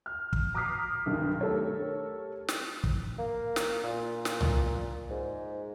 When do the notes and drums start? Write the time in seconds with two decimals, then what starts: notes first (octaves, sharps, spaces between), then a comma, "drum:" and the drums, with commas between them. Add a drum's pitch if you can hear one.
0.06 F6
0.33 drum: kick
0.54 A#5 D6 D#6 F6 B6 C7
1.06 B1 G2 D#3
1.41 A3 G4 A4 A#4 C#5
2.48 drum: snare
2.84 drum: kick
3.19 A#3
3.56 drum: snare
3.84 A#2
4.25 drum: snare
4.41 drum: tom C2
5.10 G#2